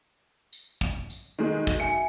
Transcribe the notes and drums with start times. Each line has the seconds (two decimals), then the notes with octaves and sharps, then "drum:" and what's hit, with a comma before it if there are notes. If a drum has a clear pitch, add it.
0.53 drum: tambourine
0.81 drum: kick
1.10 drum: tambourine
1.39 D#3 G#3 F#4 A4 D#5
1.67 drum: kick, tambourine
1.80 E5 G#5 C#7